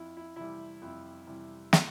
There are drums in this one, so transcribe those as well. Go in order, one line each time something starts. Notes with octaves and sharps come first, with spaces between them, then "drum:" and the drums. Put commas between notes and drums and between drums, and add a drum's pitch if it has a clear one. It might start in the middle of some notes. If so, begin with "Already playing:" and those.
Already playing: F2 E4
E4
C3 E3 G3 E4
F2 E4
C3 E3 G3
drum: snare